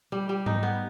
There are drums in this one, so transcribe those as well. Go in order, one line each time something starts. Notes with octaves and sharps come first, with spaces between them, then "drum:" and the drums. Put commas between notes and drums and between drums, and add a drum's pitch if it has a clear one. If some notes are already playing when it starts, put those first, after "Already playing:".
G3
G3
D#4, drum: tom G#2
B3